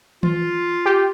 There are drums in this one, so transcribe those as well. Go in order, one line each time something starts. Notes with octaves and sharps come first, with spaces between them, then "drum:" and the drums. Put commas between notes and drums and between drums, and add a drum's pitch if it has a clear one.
F4, drum: tom D#3
G4